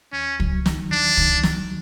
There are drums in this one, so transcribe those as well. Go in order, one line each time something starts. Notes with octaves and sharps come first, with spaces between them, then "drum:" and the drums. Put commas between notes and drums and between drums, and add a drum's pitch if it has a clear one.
D#2 C#4
F#3, drum: kick
D#3, drum: snare
D#2 D4
D#3, drum: kick
F#3, drum: snare